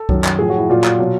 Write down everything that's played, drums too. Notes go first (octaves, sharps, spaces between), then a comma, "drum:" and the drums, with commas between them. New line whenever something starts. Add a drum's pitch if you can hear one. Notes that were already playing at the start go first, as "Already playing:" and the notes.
Already playing: A4
F#2 D#3 F#3, drum: kick C2
drum: clap
A2 F3 G#4
F#4
E4
A#2 F#3 F4
drum: clap
B2 F#3